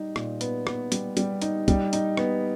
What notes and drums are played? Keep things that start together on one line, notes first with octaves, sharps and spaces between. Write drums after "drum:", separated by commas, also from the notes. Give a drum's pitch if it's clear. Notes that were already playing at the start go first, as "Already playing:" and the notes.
Already playing: G3 D#4
A#2, drum: rim click
B3, drum: hi-hat
B3, drum: rim click
G3, drum: hi-hat
G3, drum: hi-hat
D#4, drum: hi-hat
G3, drum: kick, hi-hat
D#4, drum: hi-hat
B3, drum: rim click